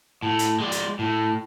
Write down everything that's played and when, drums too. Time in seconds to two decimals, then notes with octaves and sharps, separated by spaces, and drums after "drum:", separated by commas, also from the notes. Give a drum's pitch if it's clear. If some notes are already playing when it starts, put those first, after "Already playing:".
0.23 A2
0.39 drum: hi-hat
0.60 G#3 D5
0.72 drum: hi-hat
0.99 A2